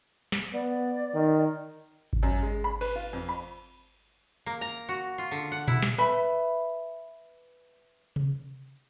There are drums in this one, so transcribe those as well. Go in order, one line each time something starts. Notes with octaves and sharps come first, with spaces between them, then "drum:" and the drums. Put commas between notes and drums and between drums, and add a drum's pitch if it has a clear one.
drum: snare
B3 D5
D#3
drum: kick G#1
F#2
G#3
B5
B4, drum: cymbal
F4
F2
B5
A#3
A#5
F#4
F4
D3
F#5
E4, drum: tom A#2
drum: snare
B4 E5 B5
drum: tom C3